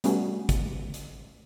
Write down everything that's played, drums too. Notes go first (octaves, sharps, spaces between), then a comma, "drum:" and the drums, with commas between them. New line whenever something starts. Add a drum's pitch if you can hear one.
G3 A3 B3 C#4 F#4 G#5, drum: hi-hat
drum: kick, hi-hat
drum: hi-hat